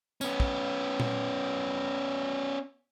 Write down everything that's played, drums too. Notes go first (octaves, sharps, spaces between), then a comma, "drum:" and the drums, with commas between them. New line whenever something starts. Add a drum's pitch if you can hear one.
B3 C#4, drum: tambourine
drum: kick
drum: tom A#2